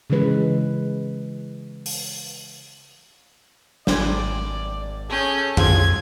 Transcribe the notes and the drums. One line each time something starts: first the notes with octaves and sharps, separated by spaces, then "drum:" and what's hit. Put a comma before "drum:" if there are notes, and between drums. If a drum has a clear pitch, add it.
C#3 E3 G#3 B4
drum: open hi-hat
G#1 C5 D5 G5 G#5, drum: snare
C#4 G#4 A4 G6
B1 F4 G#4 C5 G#6, drum: tom F2